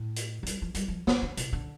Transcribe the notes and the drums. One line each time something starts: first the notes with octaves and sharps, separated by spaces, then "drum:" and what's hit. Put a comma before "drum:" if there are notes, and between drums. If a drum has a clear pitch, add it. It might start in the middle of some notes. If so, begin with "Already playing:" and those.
Already playing: A2
drum: hi-hat
F3
G3, drum: hi-hat
F3
G3, drum: hi-hat
F3
D#3, drum: snare
D3
C3, drum: hi-hat
D3